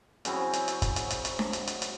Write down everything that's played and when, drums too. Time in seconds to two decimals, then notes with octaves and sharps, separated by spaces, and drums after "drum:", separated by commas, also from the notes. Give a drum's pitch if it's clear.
0.25 C#3 F#3 C4 E4, drum: hi-hat
0.53 drum: hi-hat
0.68 drum: hi-hat
0.82 drum: kick, hi-hat
0.96 drum: hi-hat
1.10 drum: hi-hat
1.25 drum: hi-hat
1.39 drum: snare D4
1.53 drum: hi-hat
1.67 drum: hi-hat
1.82 drum: hi-hat